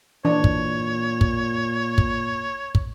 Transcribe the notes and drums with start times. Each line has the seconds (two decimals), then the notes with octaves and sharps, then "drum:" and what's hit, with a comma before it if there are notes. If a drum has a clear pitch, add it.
0.25 A#2 E3 D4 C#5
0.44 drum: kick
1.21 drum: kick
1.98 drum: kick
2.75 drum: kick